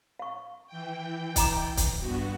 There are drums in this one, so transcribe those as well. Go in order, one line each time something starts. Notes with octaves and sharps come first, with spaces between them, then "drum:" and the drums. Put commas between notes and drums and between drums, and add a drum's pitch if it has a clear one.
F5 C#6
E3 G5
D#5 A#5 D6, drum: kick, hi-hat
drum: kick, hi-hat
G2 B3 F#4